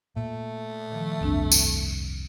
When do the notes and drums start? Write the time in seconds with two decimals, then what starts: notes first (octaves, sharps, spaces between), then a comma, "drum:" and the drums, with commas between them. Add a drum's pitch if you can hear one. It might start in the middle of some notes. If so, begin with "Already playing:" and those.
0.16 A#2 A3
0.90 A#2 D#3 F3
1.21 F1 C2 G2 C4 D4
1.52 drum: tambourine